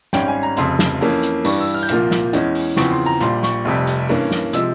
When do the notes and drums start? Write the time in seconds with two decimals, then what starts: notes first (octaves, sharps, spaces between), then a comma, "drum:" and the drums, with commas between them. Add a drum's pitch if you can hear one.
0.13 G#1 G#2 G3 C#4 G5, drum: snare
0.28 G#5
0.43 A#5
0.57 F1 F2 C#3 C6, drum: hi-hat
0.79 drum: snare
1.01 F2 E3 A#3 C#4, drum: open hi-hat
1.23 drum: hi-hat
1.44 G2 E3 G3 C#6, drum: open hi-hat
1.60 E6
1.74 F6
1.83 G6
1.89 C2 A#2 F3 A#3 F6, drum: hi-hat
2.11 drum: snare
2.33 E2 E3 G#3 C#4, drum: hi-hat
2.55 drum: open hi-hat
2.77 E2 C#3 F3 C4 C#6, drum: snare
2.92 C6
3.06 A#5
3.21 A#1 A#2 G3 C6, drum: hi-hat
3.43 C#6, drum: snare
3.65 F1 F2 C3 G3
3.87 drum: hi-hat
4.09 G2 E3 A#3 C#4, drum: open hi-hat
4.31 drum: snare
4.53 C3 F3 G#3 E6, drum: hi-hat